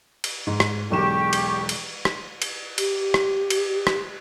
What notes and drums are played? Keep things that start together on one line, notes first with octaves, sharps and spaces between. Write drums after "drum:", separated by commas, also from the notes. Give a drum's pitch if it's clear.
drum: cymbal
G#2
drum: rim click
E1 B1 G4 C#6 E7
drum: cymbal
drum: cymbal
drum: rim click
drum: cymbal
G4, drum: cymbal
drum: rim click
drum: cymbal
drum: rim click